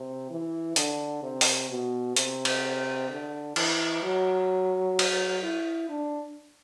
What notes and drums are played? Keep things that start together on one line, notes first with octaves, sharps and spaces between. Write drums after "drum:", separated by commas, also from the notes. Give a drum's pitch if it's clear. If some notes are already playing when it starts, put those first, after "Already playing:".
Already playing: C3
E3
D3, drum: hi-hat
C3
drum: open hi-hat
B2
C3, drum: hi-hat
drum: cymbal
D3
E3, drum: cymbal
F#3
drum: cymbal
E4
D4